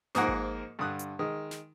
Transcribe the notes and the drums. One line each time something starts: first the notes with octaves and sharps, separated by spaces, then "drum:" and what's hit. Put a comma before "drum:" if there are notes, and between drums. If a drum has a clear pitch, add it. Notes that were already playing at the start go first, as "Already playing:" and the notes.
G#2 F3 A#3 G#4 A#4 F#5, drum: snare
drum: kick G#1
G2 D3 D#6 F#6
drum: hi-hat
D#3 G#3
drum: snare